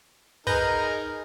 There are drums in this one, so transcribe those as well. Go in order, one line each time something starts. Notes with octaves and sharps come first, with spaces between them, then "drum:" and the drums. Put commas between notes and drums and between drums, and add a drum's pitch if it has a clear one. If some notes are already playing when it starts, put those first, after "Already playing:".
D#4 G#4 A#4 B4 G6 A#6, drum: kick